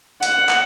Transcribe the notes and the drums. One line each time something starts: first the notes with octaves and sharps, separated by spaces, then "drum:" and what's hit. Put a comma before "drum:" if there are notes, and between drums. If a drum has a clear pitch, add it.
F#5, drum: hi-hat
drum: clap